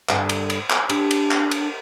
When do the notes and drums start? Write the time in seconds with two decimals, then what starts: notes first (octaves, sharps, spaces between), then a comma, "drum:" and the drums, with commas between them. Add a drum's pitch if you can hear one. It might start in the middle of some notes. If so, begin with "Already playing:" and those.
0.09 G2 D3 D4, drum: clap
0.29 drum: cymbal
0.50 drum: cymbal
0.70 drum: clap
0.89 D4 G4, drum: cymbal
1.11 drum: cymbal
1.31 drum: clap
1.51 drum: cymbal